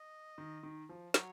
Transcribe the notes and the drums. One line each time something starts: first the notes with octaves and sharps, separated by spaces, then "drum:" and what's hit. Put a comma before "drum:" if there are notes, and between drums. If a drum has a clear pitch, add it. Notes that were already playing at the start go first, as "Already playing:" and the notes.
Already playing: D#5
D#3
D#3
F3
F#3 C#5, drum: snare